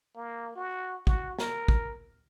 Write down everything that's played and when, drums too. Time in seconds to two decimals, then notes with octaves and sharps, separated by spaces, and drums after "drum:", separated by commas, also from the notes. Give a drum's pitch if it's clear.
0.15 A#3
0.55 F#4
1.07 F#4, drum: kick
1.39 A#4, drum: snare
1.68 drum: kick